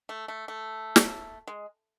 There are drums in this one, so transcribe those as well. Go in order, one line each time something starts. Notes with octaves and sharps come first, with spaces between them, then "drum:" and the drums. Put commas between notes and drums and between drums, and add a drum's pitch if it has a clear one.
A3
A3
A3
drum: snare
G#3